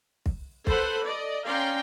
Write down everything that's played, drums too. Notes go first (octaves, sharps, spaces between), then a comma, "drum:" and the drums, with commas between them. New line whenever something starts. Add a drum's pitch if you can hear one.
drum: kick
A4 B4 C5 F#5 B5, drum: kick
D5 D#5
C#4 D5 F5 G5 A#5 C6